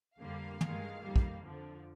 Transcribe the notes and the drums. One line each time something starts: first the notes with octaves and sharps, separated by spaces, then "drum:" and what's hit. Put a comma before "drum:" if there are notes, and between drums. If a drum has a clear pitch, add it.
F2 D3 G3 A#3 F5
G2 D#3 G#3, drum: tom
F2 D#3 G3 A#3
drum: kick
F2 D3 F3